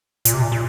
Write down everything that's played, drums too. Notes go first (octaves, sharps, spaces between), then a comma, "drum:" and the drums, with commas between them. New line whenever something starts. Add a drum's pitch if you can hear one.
A#2, drum: hi-hat
C3
A#2
A#2